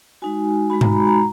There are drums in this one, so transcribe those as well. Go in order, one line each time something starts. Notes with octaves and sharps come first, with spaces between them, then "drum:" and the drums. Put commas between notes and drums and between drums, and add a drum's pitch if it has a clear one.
G#3 D#4 F#4 G#5
G#3 D#4 F#4 B5
A#5, drum: tom G#2
B5
A#5